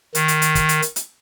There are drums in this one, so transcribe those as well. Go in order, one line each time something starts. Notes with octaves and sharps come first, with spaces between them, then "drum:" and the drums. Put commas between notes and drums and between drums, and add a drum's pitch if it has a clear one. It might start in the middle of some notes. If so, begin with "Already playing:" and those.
D#3, drum: hi-hat
drum: hi-hat
drum: hi-hat
drum: kick, hi-hat
drum: hi-hat
drum: hi-hat
drum: hi-hat